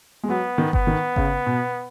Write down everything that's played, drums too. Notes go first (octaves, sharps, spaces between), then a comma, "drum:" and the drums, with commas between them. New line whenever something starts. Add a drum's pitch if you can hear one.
G#3
F#3 B3
D#3
B3, drum: kick G1
D#3
C#3, drum: kick G1
B2